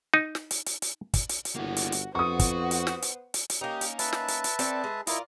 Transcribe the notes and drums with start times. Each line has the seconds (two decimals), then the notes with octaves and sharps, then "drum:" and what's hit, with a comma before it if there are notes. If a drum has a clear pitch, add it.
0.14 D#4
0.35 drum: snare
0.51 drum: hi-hat
0.66 drum: hi-hat
0.82 drum: hi-hat
1.14 drum: kick, hi-hat
1.29 drum: hi-hat
1.45 drum: hi-hat
1.55 G1 A#3 E4 F#4
1.77 drum: hi-hat
1.92 drum: hi-hat
2.15 F2 B3 F#4 C5 C#6 D#6
2.39 drum: kick, hi-hat
2.71 drum: hi-hat
2.87 drum: snare
3.02 drum: hi-hat
3.34 drum: hi-hat
3.50 drum: hi-hat
3.61 A#3 C#4 D#4 G4
3.81 drum: hi-hat
3.99 B4 E5 A5, drum: hi-hat
4.13 drum: snare
4.28 drum: hi-hat
4.44 drum: hi-hat
4.59 C4 A4 D5, drum: hi-hat
4.84 G#3 G#4
5.07 E4 F4 A#4 D5 D#5, drum: hi-hat